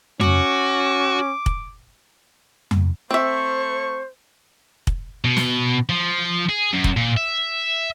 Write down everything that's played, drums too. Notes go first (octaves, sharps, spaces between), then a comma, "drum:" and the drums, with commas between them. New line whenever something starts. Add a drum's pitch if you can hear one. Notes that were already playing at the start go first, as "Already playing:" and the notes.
C#4 F#4 D6, drum: tom F2
drum: kick
drum: tom F2
A3 C4 C5 E5 C#6
drum: kick
B2
drum: snare
F3
G#4
F#2
drum: kick
A#2
E5